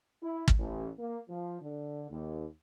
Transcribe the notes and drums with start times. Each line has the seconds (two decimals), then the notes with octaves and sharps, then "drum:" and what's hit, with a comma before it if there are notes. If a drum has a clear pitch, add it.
0.21 E4
0.48 drum: kick
0.58 A1
0.99 A#3
1.29 F3
1.61 D3
2.10 D#2